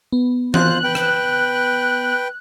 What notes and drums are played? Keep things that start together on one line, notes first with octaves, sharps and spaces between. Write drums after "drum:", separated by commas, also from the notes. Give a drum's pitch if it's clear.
B3
F4 C5 F#6, drum: tom E3
B4 G5
drum: rim click